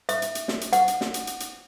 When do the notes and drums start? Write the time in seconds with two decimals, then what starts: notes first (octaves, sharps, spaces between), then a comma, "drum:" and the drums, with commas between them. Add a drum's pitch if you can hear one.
0.09 E5, drum: hi-hat
0.22 drum: hi-hat
0.35 drum: hi-hat
0.48 drum: snare
0.61 drum: hi-hat
0.73 F#5, drum: hi-hat
0.88 drum: hi-hat
1.01 drum: snare
1.14 drum: hi-hat
1.27 drum: hi-hat
1.40 drum: hi-hat